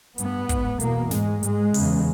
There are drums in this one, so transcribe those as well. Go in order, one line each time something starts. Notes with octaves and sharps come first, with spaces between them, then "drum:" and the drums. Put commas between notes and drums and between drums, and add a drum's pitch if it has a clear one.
G2 B3, drum: hi-hat
G#2, drum: kick, hi-hat
E2 B2 A#3, drum: hi-hat
G#2 G#3, drum: snare
G#2 G#3, drum: hi-hat
E2 C#3, drum: open hi-hat